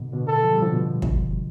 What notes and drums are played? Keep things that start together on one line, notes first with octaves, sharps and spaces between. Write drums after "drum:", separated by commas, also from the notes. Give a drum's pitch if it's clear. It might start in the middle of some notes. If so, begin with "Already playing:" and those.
Already playing: B2 D3
B2 D3
A4
F3
G3
D3 F3
B2
drum: kick